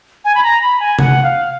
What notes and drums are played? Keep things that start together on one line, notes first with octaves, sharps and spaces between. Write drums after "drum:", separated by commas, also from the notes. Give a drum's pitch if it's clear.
G#5
B5
A#5
B5
G#5
F#5, drum: tom C3
F5